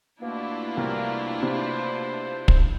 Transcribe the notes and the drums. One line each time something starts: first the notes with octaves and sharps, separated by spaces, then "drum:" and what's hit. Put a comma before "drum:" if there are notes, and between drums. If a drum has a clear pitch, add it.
B2 A3 A#3 D4 E4 F4
C2 A#4
C3 C5
drum: kick